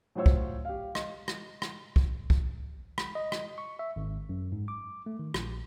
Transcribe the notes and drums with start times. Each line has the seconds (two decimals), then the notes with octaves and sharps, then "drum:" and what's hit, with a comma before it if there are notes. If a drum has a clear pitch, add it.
0.15 A2 F#3 F4 C5 C#5 E6
0.26 drum: kick
0.65 G4 F5
0.95 D#5, drum: rim click
1.28 drum: rim click
1.62 drum: rim click
1.96 drum: kick
2.30 drum: kick
2.98 B5, drum: rim click
3.15 D#5
3.32 drum: rim click
3.58 C#6
3.79 E5
3.96 G#1
4.29 F#2
4.52 G#2
4.68 D6
5.06 A3
5.19 D#3
5.34 A#1, drum: rim click